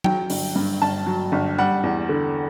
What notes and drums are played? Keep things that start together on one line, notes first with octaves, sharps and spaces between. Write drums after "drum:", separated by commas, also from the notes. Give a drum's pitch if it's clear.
F#3 G5, drum: tom F#3
G1, drum: open hi-hat
G2
G1 A5
F#3
G1
G3 F#5
E2
D3